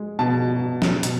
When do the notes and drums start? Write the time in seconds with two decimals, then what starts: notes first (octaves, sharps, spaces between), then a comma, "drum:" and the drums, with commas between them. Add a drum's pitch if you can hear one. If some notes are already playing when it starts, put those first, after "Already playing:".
Already playing: G#3
0.19 B2 A5
0.62 B2
0.82 drum: snare
1.03 B2, drum: hi-hat